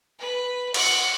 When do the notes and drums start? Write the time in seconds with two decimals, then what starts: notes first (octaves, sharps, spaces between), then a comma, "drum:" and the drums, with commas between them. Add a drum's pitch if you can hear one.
0.19 B4
0.74 F#5, drum: cymbal